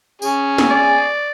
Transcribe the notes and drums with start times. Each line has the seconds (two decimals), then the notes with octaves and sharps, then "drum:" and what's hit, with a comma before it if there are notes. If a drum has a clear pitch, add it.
0.22 C#4 G#4, drum: tambourine
0.58 drum: snare
0.71 D5